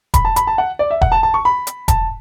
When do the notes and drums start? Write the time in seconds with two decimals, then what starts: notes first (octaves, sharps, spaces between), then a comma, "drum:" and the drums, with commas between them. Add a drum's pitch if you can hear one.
0.14 B5, drum: kick E1, hi-hat
0.25 A5
0.36 B5, drum: hi-hat
0.47 A5
0.58 F#5
0.79 D5
0.91 E5
1.01 F#5, drum: kick E1
1.12 A5
1.23 A5
1.34 C#6
1.45 B5
1.67 drum: hi-hat
1.88 A5, drum: kick E1, hi-hat